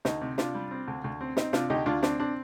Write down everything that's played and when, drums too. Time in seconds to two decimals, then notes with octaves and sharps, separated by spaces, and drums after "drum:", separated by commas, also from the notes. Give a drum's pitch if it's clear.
0.05 D2 D#4, drum: snare
0.21 C3
0.38 C3 D4 F4, drum: snare
0.55 G3
0.71 C4
0.88 D2
1.04 D2
1.21 C4
1.37 C4 D#4, drum: snare
1.53 C3 D4 F4, drum: snare
1.70 D2 D#4 G4
1.86 D2 D4 F4
2.03 C4 D4, drum: snare
2.20 C4 D4